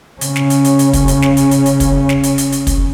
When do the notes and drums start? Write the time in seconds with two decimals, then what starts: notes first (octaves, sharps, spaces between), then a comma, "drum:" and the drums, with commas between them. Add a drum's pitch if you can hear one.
0.21 C#3 C#4, drum: hi-hat
0.36 drum: snare
0.50 drum: hi-hat
0.65 drum: hi-hat
0.79 drum: hi-hat
0.93 drum: kick, hi-hat
1.08 drum: hi-hat
1.22 drum: snare
1.37 drum: hi-hat
1.51 drum: hi-hat
1.66 drum: hi-hat
1.80 drum: kick, hi-hat
2.09 drum: snare
2.23 drum: hi-hat
2.38 drum: hi-hat
2.52 drum: hi-hat
2.67 drum: kick, hi-hat